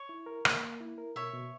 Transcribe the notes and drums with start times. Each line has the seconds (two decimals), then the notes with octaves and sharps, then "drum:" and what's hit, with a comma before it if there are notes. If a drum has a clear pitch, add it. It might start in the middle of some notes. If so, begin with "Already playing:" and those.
Already playing: C#5
0.09 E4
0.26 A#4
0.45 A#3, drum: rim click
0.63 A#3
0.80 E4
0.98 A#4
1.16 B2 C#5 E5
1.34 B2